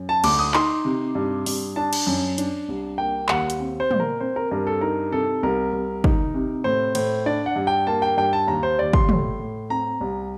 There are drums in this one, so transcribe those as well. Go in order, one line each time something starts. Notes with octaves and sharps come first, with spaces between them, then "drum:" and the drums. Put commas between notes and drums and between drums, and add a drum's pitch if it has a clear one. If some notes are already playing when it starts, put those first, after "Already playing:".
Already playing: F#2
A5
D2 D6, drum: cymbal
D#6
D#4 C6, drum: clap
C3
G2
G2, drum: open hi-hat
D4 A5
drum: cymbal
F#2
D4, drum: hi-hat
C2
A#3 G5
D#2 F#5, drum: clap
drum: hi-hat
C4
C5
A#2, drum: tom
A#4
C4 C5
A#4
G2 A#4
A4
D#4 A#4
C3 A4
C2 A#4
C2
D#4, drum: kick
C3
A2 C5
A2 C5, drum: cymbal
D4 D5
F#5
G2
G5
A#3 A5
G5
G2 G5
A5
D#2 A#5
C5
D#2 D5
C6, drum: kick
A2, drum: tom
A2
C4 A#5
C2